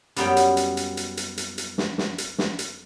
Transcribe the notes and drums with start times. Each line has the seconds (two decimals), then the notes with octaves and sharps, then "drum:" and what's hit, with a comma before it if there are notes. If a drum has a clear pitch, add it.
0.16 F#2 G3 B3 C#5 G5, drum: hi-hat
0.37 drum: hi-hat
0.57 drum: hi-hat
0.77 drum: hi-hat
0.97 drum: hi-hat
1.17 drum: hi-hat
1.38 drum: hi-hat
1.58 drum: hi-hat
1.78 drum: snare
1.98 drum: snare
2.18 drum: hi-hat
2.38 drum: snare
2.59 drum: hi-hat